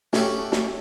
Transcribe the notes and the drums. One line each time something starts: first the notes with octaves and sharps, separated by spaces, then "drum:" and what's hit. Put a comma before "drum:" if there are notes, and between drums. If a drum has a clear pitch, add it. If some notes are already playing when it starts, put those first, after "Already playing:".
A3 C#4 F#4 G4 E5 G5, drum: snare
drum: snare